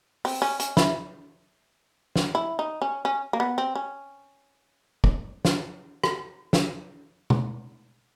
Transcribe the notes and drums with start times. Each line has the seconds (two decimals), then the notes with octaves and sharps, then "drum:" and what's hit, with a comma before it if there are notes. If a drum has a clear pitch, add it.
0.25 C4, drum: open hi-hat
0.42 C#4
0.60 C#4, drum: hi-hat
0.77 E4, drum: snare
2.16 drum: snare
2.35 E4
2.59 D#4
2.82 C#4
3.05 C#4
3.33 A#3
3.40 B3
3.58 C4
3.75 C#4
5.04 drum: kick
5.45 drum: snare
6.04 drum: rim click
6.53 drum: snare
7.30 drum: tom